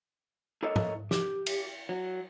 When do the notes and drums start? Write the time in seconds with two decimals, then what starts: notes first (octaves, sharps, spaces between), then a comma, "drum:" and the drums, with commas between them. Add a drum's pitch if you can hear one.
0.63 E4 A4 A#4 C#5 D#5
0.76 drum: tom
1.11 G4, drum: snare
1.46 drum: cymbal
1.89 F#3